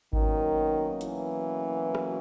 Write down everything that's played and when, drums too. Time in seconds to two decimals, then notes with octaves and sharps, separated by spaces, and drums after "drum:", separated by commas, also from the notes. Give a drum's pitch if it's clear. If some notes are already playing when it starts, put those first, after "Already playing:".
0.13 B2 D#3 F#3 A#3 C#4 F#4, drum: kick G#1
1.01 E3, drum: hi-hat
1.95 drum: rim click